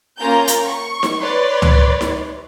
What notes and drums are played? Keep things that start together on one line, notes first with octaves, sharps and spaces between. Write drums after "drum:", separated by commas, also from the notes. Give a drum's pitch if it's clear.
A#3 C#4 F4 A#4 A#5 G6
drum: hi-hat
C#6
drum: snare D#4
B4 C#5 D5 C6
drum: tom C#2
drum: snare D#4